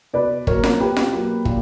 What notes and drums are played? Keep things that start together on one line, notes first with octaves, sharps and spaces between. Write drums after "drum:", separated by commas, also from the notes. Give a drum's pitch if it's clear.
B2 B4 D5
F#3 A#3 A#4 C#5, drum: kick
drum: snare F4
B2 G4 B4
drum: snare F4
F#3 A#3
A#2, drum: kick